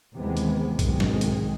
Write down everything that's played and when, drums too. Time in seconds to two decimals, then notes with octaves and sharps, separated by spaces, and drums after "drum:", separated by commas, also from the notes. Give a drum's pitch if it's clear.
0.16 D#2 C3 D#3 E3 G#3 B3
0.37 drum: hi-hat
0.79 B1 G#2 D#3 G#3 C4, drum: kick, hi-hat
1.00 drum: snare
1.21 drum: hi-hat